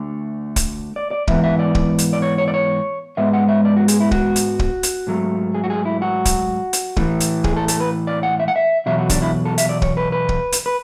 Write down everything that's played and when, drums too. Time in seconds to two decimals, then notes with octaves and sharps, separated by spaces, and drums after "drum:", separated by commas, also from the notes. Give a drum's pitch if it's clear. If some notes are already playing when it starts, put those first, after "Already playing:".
Already playing: D2 D3 A3
0.56 drum: kick, hi-hat
0.96 D5
1.11 D5
1.28 G#2 E3 B3 E5, drum: kick
1.44 E5
1.59 D5
1.75 drum: kick
1.98 drum: hi-hat
2.13 D5
2.22 C#5
2.38 C#5
2.48 D5
2.54 C#5
3.17 G#2 G#3 B3 E5
3.34 F#5
3.49 E5
3.65 D5
3.76 F#4
3.88 G#4, drum: hi-hat
4.00 E4
4.11 F#4, drum: kick
4.36 drum: hi-hat
4.59 drum: kick
4.83 drum: hi-hat
5.07 G#2 F#3 A3
5.55 G#4
5.64 F#4
5.70 G#4
5.85 E4
6.02 F#4
6.25 drum: kick, hi-hat
6.73 drum: hi-hat
6.97 A2 E3 A3, drum: kick
7.20 drum: hi-hat
7.44 G#4, drum: kick
7.57 A4
7.68 A4, drum: hi-hat
7.80 B4
8.07 D5
8.23 F#5
8.40 E5
8.48 F#5
8.56 E5
8.86 E2 B2 F#3 E5
8.98 F#4
9.10 D4, drum: kick, hi-hat
9.22 E4
9.45 A4
9.58 E5, drum: hi-hat
9.69 D5
9.82 C#5, drum: kick
9.97 B4
10.12 B4
10.29 drum: kick
10.52 drum: hi-hat
10.66 B4